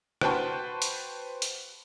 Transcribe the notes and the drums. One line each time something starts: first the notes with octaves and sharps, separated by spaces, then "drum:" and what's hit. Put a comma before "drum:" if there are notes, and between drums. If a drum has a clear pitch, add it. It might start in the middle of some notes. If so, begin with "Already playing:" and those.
F#4 B4 C5 G5 A5 C#6, drum: rim click
drum: hi-hat
drum: hi-hat